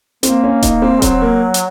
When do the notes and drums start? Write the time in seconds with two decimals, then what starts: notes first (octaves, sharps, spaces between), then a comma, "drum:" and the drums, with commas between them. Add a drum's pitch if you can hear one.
0.23 A#3 C4, drum: hi-hat
0.43 C#4
0.62 D#4, drum: kick D#1, hi-hat
0.82 C4
1.02 F#3 C4, drum: kick D#1, hi-hat
1.22 A#3
1.54 drum: hi-hat